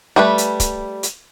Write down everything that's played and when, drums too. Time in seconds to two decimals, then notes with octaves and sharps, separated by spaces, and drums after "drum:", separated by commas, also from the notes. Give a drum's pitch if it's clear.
0.16 G3 A3 B4
0.38 drum: hi-hat
0.60 drum: kick C#1, hi-hat
1.03 drum: hi-hat